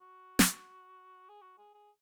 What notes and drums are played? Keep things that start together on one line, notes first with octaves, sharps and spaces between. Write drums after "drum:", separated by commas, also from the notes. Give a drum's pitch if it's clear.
F#4
drum: snare
G#4
F#4
G#4
G#4